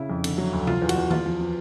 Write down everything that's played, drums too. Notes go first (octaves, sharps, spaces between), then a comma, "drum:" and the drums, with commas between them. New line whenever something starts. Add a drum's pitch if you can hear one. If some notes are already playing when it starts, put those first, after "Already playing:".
Already playing: C#3 E4
F2
D3, drum: cymbal
F#3
D2
F3 F4, drum: tom C3
E2
F#4, drum: cymbal
E2
E2 F4, drum: tom D#3
F3
F3